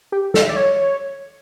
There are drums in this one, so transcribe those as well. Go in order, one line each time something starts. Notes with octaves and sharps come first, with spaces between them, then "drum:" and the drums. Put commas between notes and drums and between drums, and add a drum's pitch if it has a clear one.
G4
A4, drum: snare
E5
D5
C#5